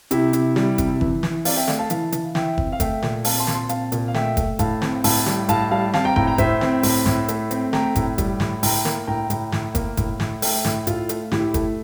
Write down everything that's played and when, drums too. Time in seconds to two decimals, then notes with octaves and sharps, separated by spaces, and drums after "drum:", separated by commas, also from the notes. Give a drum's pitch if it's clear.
0.11 C3 E4 G4, drum: hi-hat
0.33 C3, drum: hi-hat
0.56 G3, drum: snare
0.78 C3, drum: kick, hi-hat
1.01 E3, drum: kick
1.23 E3, drum: snare
1.45 C4 D5 F5, drum: open hi-hat
1.57 E5 G5
1.68 A3 D5 F5, drum: snare
1.79 F5 A5
1.90 E3 F5 A5, drum: hi-hat
2.12 E3, drum: hi-hat
2.35 E3 E5 G5, drum: snare
2.58 C4, drum: kick
2.72 F5
2.80 A3 E5 G5, drum: kick, hi-hat
3.02 A#2, drum: snare
3.25 C4 F5 A5, drum: open hi-hat
3.40 A5 C6
3.47 A#2, drum: snare
3.54 A5 C6
3.69 C4 F5 A5, drum: hi-hat
3.92 A#2, drum: hi-hat
4.08 F5
4.14 A3 E5 G5, drum: snare
4.37 A3, drum: kick, hi-hat
4.59 A2 F5 A5, drum: kick, hi-hat
4.82 C4, drum: snare
5.04 A2 F5 A5, drum: open hi-hat
5.26 G3, drum: snare
5.49 A2 F5 A5, drum: hi-hat
5.71 G3 F5 A5
5.93 C4 F5 A5, drum: snare
6.05 G5 A#5
6.16 A2 G5 A#5, drum: kick
6.27 G5 A#5
6.38 A2 C5 E5, drum: kick, hi-hat
6.61 C4, drum: snare
6.83 A2, drum: open hi-hat
7.06 A2, drum: snare
7.28 A3, drum: hi-hat
7.51 C4, drum: hi-hat
7.73 A3 G5 A#5, drum: snare
7.95 A2, drum: kick, hi-hat
8.18 G3, drum: kick, hi-hat
8.40 A2, drum: snare
8.63 A2 G5 A#5, drum: open hi-hat
8.85 A#3, drum: snare
9.07 A2 G5 A#5
9.30 A2, drum: hi-hat
9.52 A2, drum: snare
9.75 A#3, drum: kick, hi-hat
9.97 A2, drum: kick, hi-hat
10.20 A2, drum: snare
10.42 A3 E5 G5, drum: open hi-hat
10.65 A2, drum: snare
10.87 A2 F4 A4, drum: hi-hat
11.09 A3, drum: hi-hat
11.31 A2 E4 G4, drum: snare
11.54 A3, drum: kick, hi-hat